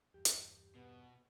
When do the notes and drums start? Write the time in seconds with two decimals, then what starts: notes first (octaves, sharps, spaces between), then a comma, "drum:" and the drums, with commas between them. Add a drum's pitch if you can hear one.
0.14 E2 G2 G4
0.25 drum: hi-hat
0.75 B2 B3